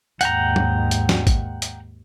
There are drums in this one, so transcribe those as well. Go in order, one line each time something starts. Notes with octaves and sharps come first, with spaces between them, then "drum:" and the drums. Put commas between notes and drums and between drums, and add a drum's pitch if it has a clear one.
D#2 G#2 F#5 G5 A#5, drum: hi-hat
drum: tom F#3
drum: hi-hat
drum: snare
drum: kick A1, hi-hat
drum: hi-hat